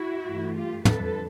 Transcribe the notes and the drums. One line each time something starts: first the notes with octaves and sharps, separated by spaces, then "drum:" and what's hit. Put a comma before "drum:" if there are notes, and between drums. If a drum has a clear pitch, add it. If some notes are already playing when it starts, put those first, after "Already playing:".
Already playing: E4 F#4
G2 E3 A3
F4 G4
F2 D3 G3 A4 B4, drum: tom